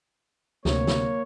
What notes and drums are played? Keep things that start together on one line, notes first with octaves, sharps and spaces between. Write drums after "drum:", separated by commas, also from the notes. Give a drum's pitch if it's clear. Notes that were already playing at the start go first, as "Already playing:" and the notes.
D2 C3 A#3 C#5, drum: snare
drum: snare